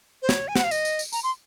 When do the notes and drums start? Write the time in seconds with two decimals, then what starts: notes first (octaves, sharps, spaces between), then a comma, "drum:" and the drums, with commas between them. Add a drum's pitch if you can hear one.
0.22 C5
0.29 C#5, drum: snare
0.48 G#5
0.56 F#5, drum: snare
0.64 F5
0.71 D#5, drum: tambourine
0.85 drum: tambourine
0.99 drum: tambourine
1.13 A#5, drum: tambourine
1.23 C6